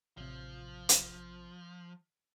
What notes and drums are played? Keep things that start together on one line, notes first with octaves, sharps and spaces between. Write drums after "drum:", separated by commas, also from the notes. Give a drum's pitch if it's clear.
A1 C3 F3
drum: hi-hat